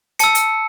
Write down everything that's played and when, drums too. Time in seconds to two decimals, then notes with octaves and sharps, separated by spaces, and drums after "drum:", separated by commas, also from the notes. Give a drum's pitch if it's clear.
0.19 A5 E6 C#7, drum: hi-hat
0.35 drum: hi-hat